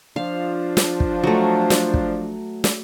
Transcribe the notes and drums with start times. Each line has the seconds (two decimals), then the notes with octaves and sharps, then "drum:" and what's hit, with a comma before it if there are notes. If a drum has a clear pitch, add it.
0.16 F3 D4 F5
0.77 drum: snare
1.00 drum: kick
1.24 F#3 A3
1.70 drum: snare
1.94 drum: kick
2.64 drum: snare